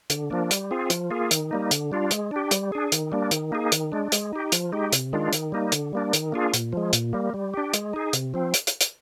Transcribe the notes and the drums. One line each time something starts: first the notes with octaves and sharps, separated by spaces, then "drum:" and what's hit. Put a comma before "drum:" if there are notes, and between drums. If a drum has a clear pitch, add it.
D3, drum: hi-hat
F3 A#3 D4
G3, drum: hi-hat
C4 F4 G#4
F3, drum: hi-hat
A#3 F4 G#4
D#3, drum: hi-hat
G3 A#3 D#4
D3, drum: hi-hat
G3 D4 F4
G#3, drum: hi-hat
D4 G4
G3, drum: hi-hat
D4 G#4
D#3, drum: hi-hat
G3 A#3 D4
D#3, drum: hi-hat
A#3 D#4 G#4
D#3, drum: hi-hat
G#3 D4
G#3, drum: hi-hat
D#4 G4
F3, drum: hi-hat
G#3 D#4 G4
C3, drum: hi-hat
D#3 G#3 D4 F4
D#3, drum: hi-hat
G3 A#3 D#4
D3, drum: hi-hat
G3 A#3 D4
D#3, drum: hi-hat
A#3 D4 F4 G#4
A#2, drum: hi-hat
F3 G#3
A#2, drum: hi-hat
G3 A#3
G3
D4 G4
G#3, drum: hi-hat
D#4 G#4
C3, drum: hi-hat
F3 C4
drum: hi-hat
drum: hi-hat
drum: hi-hat